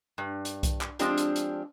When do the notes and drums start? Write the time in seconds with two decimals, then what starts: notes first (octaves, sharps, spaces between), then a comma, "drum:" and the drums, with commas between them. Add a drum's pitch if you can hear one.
0.18 G2
0.45 drum: hi-hat
0.63 drum: kick B1, hi-hat
0.81 drum: clap
0.99 F3 G#3 C4 D4 F4 G4, drum: hi-hat
1.18 drum: hi-hat
1.36 drum: hi-hat